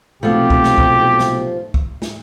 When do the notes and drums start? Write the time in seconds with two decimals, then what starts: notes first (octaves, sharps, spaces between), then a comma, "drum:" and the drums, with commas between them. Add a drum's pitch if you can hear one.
0.23 B1 C3 F3 A3 B3 G4
0.50 drum: kick
0.64 drum: snare
0.78 drum: kick
1.19 drum: snare
1.74 drum: kick
2.02 drum: snare